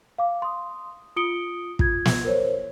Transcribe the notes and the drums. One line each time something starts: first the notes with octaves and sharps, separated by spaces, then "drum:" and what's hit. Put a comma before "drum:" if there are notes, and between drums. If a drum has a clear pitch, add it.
F5 D6
C6 D#6
F4 D#6 C#7 D7 G7
F4 G#6, drum: kick
drum: snare
A#4 C5 C#5